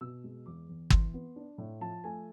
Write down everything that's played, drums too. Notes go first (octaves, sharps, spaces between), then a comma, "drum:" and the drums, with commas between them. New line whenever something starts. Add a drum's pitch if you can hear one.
B2 E6
G#3
E2 D6
E2
E3 C6, drum: kick
B3
D4
A2
F3 A5
A3 G#5